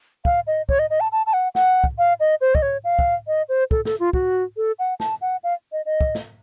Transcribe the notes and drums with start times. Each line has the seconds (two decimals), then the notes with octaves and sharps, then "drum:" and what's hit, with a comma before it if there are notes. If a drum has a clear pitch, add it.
0.25 F5, drum: kick
0.47 D#5
0.69 C#5, drum: kick
0.79 D#5
0.90 D#5
1.00 A5
1.12 A5
1.26 A5
1.33 F#5
1.55 F#5, drum: snare
1.84 drum: kick
1.98 F5
2.20 D#5
2.41 C5
2.55 D#5, drum: kick
2.62 C#5
2.84 F5
2.99 drum: kick
3.27 D#5
3.49 C5
3.71 A4, drum: kick
3.85 A4, drum: snare
4.00 F4
4.13 F#4, drum: kick
4.57 A4
4.79 F#5
5.00 A5, drum: snare
5.21 F#5
5.44 F5
5.72 D#5
5.86 D#5
6.01 drum: kick
6.15 drum: snare